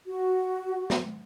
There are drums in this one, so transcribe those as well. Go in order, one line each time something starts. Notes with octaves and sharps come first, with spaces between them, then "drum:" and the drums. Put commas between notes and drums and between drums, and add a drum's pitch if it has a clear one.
F#4
drum: snare